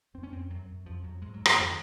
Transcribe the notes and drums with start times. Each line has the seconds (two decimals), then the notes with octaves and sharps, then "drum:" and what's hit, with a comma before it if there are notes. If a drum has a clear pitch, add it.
0.14 F2 C4
0.23 C#4
0.32 F2 C4
0.50 F#2 F#3
0.68 F#2
0.86 F2 F3
1.03 F2 F#3
1.22 G#2 G#3
1.34 F#3
1.39 G#2
1.46 F#3, drum: rim click
1.57 F2 D#3